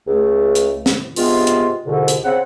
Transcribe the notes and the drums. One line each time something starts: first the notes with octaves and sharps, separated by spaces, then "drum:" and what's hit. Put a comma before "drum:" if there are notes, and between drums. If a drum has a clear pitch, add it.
C#2 A3
drum: hi-hat
drum: snare
G2 C3 G#3 B3 F4, drum: open hi-hat
drum: hi-hat
C2 F2 G#2 B2 D3
drum: hi-hat
C#3 C4 F#5